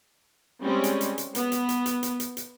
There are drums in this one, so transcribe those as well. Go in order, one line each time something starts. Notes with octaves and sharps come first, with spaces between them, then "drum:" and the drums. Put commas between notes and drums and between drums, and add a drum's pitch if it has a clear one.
G3 G#3 C4 C#4
drum: hi-hat
drum: hi-hat
drum: hi-hat
B3, drum: hi-hat
drum: hi-hat
drum: hi-hat
drum: hi-hat
drum: hi-hat
drum: hi-hat
drum: hi-hat